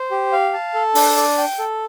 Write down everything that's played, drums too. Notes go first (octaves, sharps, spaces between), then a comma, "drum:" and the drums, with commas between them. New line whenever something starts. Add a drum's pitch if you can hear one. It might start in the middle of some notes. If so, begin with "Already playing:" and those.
Already playing: C5
G4
F5
A5
A4
D4, drum: open hi-hat
D5
G5
A4